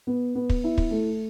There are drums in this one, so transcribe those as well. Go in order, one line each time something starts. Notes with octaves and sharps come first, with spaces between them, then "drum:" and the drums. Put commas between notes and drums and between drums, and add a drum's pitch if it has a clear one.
B3
B3
drum: kick
E4
drum: kick
A3